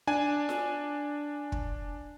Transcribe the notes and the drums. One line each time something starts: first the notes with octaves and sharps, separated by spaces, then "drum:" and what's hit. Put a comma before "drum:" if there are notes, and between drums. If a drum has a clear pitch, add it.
D4 G#5
drum: snare F4
drum: kick